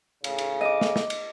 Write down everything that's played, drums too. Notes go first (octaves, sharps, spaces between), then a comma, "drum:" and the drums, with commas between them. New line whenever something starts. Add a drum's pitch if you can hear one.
A2 C#3, drum: cymbal
drum: cymbal
D#5 D6
drum: snare
drum: snare
drum: cymbal